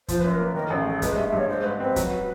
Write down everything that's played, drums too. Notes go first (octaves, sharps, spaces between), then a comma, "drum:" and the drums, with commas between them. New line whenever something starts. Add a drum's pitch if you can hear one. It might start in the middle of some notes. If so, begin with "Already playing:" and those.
F3 C5, drum: kick, hi-hat
F#2 B4
A#4
A#3 B4
D#3 A#4
A1 A4
G#4
G#3 A4
G#3 B4, drum: kick, hi-hat
E5
G2
E5
G2 C#5
G#3 C5
G#2 B4
C4 B4
F#3, drum: kick, hi-hat